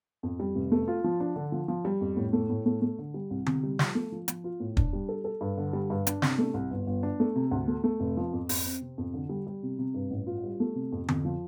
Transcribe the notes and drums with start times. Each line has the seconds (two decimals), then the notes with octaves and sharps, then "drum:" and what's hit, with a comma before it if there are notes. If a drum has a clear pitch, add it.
0.23 F2
0.40 G3
0.55 F1
0.72 A3
0.88 F4
1.04 F3
1.20 D4
1.36 D3
1.52 F3
1.68 F3
1.85 G3
2.01 F2
2.17 A2
2.33 A3
2.50 A2
2.66 A3
2.82 A3
2.99 D3
3.14 G3
3.31 C2
3.46 C3, drum: tom D3
3.63 G3
3.79 F3, drum: snare
3.95 A3
4.12 F3
4.28 F3, drum: hi-hat
4.44 F4
4.60 A2
4.77 D4, drum: kick
4.93 G3
5.09 A4
5.24 A4
5.41 G2
5.57 D3
5.73 G3
5.90 G2
6.07 D4, drum: hi-hat
6.22 C3, drum: snare
6.38 A3
6.54 C2
6.71 G1
6.87 G1
7.03 D4
7.20 A3
7.35 C3
7.51 D2
7.68 A3
7.84 A3
8.00 F1
8.17 F3
8.33 F2
8.49 F2, drum: open hi-hat
8.65 C4
8.81 C3
8.98 F2
9.14 D3
9.29 G3
9.47 G3
9.63 C3
9.79 C3
9.94 G2
10.11 A1
10.27 F4
10.44 G3
10.60 A3
10.75 C3
10.92 F2
11.08 F2, drum: tom D3
11.25 F3